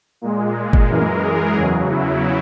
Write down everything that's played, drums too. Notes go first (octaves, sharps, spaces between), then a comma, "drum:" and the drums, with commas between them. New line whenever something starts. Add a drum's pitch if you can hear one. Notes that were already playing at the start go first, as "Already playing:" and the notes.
A#2 G#3
drum: kick G1
F#2 E3 G#3 A#4
drum: tom
G#4
E2 C#3 F#3 G#4
E4